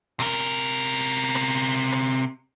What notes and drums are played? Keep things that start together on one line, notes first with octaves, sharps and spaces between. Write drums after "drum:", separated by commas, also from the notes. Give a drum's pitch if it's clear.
C3 A#4, drum: hi-hat
drum: hi-hat
drum: rim click
drum: hi-hat
drum: rim click
drum: hi-hat